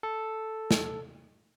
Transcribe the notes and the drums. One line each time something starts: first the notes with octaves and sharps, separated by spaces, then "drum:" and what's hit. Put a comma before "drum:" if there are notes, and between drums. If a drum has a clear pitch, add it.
A4
drum: snare